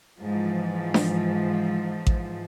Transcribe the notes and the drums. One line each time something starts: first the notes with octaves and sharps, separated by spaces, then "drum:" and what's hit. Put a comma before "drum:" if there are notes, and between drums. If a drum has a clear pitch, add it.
G#2 E3 F3
drum: snare D4
drum: kick A1